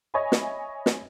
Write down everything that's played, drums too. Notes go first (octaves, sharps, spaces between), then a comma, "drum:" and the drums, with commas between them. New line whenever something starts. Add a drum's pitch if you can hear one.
C#5 D#5 E5 G#5 B5
drum: snare
drum: snare